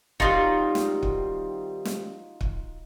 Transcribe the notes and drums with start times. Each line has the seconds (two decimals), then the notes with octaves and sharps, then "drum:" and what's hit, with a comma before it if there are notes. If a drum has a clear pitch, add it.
0.20 D#3 G3 C4 D#4 F4 F#4, drum: kick
0.75 drum: snare
1.03 drum: kick
1.85 drum: snare
2.41 drum: kick